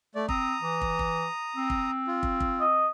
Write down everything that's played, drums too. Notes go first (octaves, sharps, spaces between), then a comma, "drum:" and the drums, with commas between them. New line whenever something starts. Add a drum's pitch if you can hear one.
A3 D5
C4 A#5 D#6, drum: kick
E3
drum: kick
drum: kick
C4
drum: kick
F4
drum: kick
drum: kick
D#5